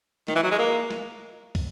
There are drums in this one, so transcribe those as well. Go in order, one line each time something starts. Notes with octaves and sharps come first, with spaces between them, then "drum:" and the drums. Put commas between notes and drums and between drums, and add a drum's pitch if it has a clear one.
D#3, drum: snare
E3
F#3
G#3
A#3
drum: snare
drum: kick, open hi-hat